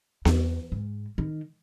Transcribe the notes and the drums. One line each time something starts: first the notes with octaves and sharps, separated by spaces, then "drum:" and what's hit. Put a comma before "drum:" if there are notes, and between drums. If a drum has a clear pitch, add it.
E2, drum: snare B3
G#2
D#3